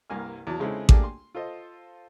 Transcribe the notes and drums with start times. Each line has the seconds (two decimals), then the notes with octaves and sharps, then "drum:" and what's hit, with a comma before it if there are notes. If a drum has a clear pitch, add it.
0.10 C2 G2 A#3 G#5 F6
0.47 E2 F#3 A5
0.60 C#3 G#3 C4 D#4 E4 A4
0.89 A3 A#3 D4 G4 G#4, drum: kick A1
1.04 C6
1.35 F4 A4 C5 D#5